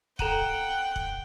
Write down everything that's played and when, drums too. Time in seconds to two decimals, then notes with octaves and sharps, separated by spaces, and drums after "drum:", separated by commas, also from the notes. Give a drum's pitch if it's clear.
0.19 A4 F#5 G5 A#5 D#7, drum: kick
0.96 drum: kick